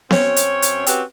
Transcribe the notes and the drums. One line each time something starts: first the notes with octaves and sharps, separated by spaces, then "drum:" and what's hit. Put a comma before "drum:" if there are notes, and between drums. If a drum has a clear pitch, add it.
F#2 C4 C#4 C#5, drum: snare B3
drum: hi-hat
drum: hi-hat
C4 C#4 F#4 G4 B4, drum: hi-hat